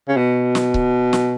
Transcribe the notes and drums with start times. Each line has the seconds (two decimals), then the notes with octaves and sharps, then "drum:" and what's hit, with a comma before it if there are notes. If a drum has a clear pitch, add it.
0.08 C#3
0.16 B2
0.55 drum: snare
0.74 drum: kick C#1
1.13 drum: snare